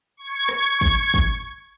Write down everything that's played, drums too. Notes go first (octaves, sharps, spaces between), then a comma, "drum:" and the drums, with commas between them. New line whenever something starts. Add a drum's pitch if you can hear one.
C#6 G#6
drum: rim click
drum: kick
drum: kick